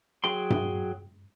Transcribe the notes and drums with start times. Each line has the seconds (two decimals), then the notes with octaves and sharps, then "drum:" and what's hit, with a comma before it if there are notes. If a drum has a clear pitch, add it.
0.24 F#3 G#4 G5 C6
0.50 drum: tom G2